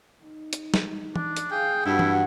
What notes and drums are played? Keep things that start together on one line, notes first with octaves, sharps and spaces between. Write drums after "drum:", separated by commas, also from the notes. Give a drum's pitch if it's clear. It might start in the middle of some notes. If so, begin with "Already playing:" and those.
D#4
drum: hi-hat
drum: snare
D4, drum: tom
drum: hi-hat
G#4 F5 G5
G2 E4 F#4 F#5
drum: tom